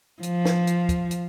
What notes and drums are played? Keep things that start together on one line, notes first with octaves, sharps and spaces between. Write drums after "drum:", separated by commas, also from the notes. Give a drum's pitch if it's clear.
F3, drum: hi-hat
drum: snare
drum: hi-hat
drum: kick, hi-hat
drum: hi-hat